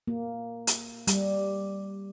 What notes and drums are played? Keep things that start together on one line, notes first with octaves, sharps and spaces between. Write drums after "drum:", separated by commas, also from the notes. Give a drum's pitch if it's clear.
A#3
drum: hi-hat
G3, drum: hi-hat